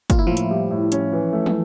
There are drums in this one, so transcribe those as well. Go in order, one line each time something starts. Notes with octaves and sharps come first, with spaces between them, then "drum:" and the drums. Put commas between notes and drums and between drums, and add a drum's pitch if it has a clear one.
A#3 F4, drum: kick, hi-hat
E4
A2 F3 F4
drum: hi-hat
G3
A2
C#4, drum: hi-hat
E3
A3
drum: tom